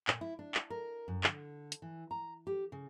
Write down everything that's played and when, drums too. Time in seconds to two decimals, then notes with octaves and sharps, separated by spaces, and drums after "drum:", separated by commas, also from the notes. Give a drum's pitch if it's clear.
0.08 A#2, drum: clap
0.21 E4
0.39 D4
0.54 drum: clap
0.70 A#4
1.08 F#2
1.24 D3, drum: clap
1.72 drum: hi-hat
1.82 E3
2.11 A#5
2.47 G4
2.72 C#3